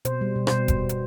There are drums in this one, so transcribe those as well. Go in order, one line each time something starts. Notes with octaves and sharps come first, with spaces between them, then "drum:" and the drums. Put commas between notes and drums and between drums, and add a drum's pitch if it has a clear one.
B2 C5, drum: hi-hat
G3
B2
C5, drum: rim click
B2
drum: kick E1, hi-hat
drum: hi-hat